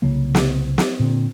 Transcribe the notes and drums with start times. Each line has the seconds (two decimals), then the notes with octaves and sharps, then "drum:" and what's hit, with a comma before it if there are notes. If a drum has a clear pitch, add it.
0.02 C2 C#3 F#3 A#3
0.35 drum: snare
0.78 drum: snare
1.00 A#2 D3 C4